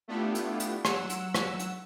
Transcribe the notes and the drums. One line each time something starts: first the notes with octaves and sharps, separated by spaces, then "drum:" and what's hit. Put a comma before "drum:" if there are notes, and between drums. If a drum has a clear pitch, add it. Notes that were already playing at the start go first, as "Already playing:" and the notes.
A3 B3 D4 E4 F4 G4
drum: hi-hat
drum: hi-hat
F#3 F#5 E6, drum: rim click
drum: hi-hat
drum: rim click
drum: hi-hat